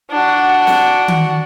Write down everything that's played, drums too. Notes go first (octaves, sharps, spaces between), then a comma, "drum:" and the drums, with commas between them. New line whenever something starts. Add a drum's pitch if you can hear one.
D4 F#4
drum: snare
drum: tom D#3